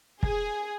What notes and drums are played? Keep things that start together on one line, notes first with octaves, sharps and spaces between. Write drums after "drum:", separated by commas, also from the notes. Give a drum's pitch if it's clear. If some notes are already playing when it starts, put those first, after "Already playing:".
G#4, drum: kick